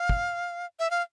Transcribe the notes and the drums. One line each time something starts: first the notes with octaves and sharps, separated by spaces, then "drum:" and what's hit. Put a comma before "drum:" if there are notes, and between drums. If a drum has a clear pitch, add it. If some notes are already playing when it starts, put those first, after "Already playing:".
Already playing: F5
drum: kick
E5
F5